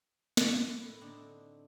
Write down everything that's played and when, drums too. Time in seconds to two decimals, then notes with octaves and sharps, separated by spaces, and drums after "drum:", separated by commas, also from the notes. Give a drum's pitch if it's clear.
0.37 drum: snare
0.81 A2 E4
1.01 D3 C4 D4 D#4